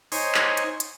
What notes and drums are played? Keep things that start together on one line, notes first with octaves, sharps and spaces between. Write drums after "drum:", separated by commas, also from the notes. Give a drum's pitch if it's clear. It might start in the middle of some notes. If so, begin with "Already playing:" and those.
D#4 C5 C#5 G#5, drum: open hi-hat
drum: clap
drum: hi-hat
drum: hi-hat